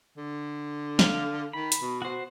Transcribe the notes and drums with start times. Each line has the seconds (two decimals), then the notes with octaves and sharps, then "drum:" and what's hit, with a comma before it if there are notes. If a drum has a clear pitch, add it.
0.17 D3
0.99 F5, drum: snare
1.53 D#3 B5
1.72 drum: hi-hat
1.82 B2
2.02 F#4 C5